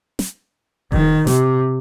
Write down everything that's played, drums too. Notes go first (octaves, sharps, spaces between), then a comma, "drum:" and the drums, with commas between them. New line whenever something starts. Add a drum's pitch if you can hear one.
drum: snare
D#3, drum: kick E1
C3, drum: snare